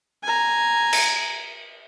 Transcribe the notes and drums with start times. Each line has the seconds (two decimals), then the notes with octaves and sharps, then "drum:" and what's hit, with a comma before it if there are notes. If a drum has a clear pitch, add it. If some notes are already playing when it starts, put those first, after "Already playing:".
0.24 G#5 A#5
0.93 drum: cymbal